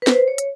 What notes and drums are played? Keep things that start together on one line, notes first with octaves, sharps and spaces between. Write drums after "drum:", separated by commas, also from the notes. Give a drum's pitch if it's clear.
B4
C5, drum: snare
C#5
drum: hi-hat